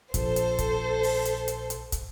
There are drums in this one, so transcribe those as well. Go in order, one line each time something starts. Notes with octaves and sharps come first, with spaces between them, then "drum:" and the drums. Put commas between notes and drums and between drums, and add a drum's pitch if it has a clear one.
A#1 A4 C5, drum: kick, hi-hat
drum: hi-hat
drum: kick, hi-hat
drum: open hi-hat
drum: hi-hat
drum: hi-hat
drum: hi-hat
drum: kick, hi-hat